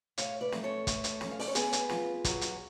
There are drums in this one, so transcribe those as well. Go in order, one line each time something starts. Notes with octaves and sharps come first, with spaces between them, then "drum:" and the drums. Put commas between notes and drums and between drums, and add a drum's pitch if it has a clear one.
A2 C#5 F5, drum: hi-hat
B4 D5
A3, drum: snare
A4 C#5
A3, drum: kick, hi-hat
drum: hi-hat
C#4, drum: snare
F5
D5, drum: open hi-hat
C#5
B3 G#4 B4, drum: hi-hat
drum: hi-hat
F4, drum: snare
F#3, drum: kick, hi-hat
drum: hi-hat